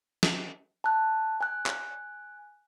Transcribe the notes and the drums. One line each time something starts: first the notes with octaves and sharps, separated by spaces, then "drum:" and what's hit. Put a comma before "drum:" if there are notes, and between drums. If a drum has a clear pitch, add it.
drum: snare
A5 F#6
G#5 F#6
drum: clap